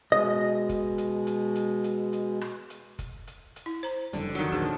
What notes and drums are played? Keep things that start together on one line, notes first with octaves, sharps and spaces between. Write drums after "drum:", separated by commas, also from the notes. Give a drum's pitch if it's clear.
B2 G#3 D#5
drum: kick F#1, hi-hat
drum: hi-hat
drum: hi-hat
drum: hi-hat
drum: hi-hat
drum: hi-hat
drum: rim click
drum: hi-hat
drum: kick F#1, hi-hat
drum: hi-hat
drum: hi-hat
E4
C5 A#5
F#1 F2 D3 G3, drum: hi-hat
D#3 F#3
A#1 D#2 D3 F3 G#4